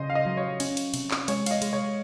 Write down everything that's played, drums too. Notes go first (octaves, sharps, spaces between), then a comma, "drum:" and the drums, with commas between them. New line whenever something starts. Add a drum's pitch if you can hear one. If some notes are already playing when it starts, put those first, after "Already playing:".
Already playing: C#3 C5 D#5
F5
D#5
F#3
C#5
C#4, drum: cymbal
drum: cymbal
C3, drum: cymbal
drum: clap
G#3 C#5, drum: cymbal
F5, drum: cymbal
D#5
G#3, drum: cymbal
C#5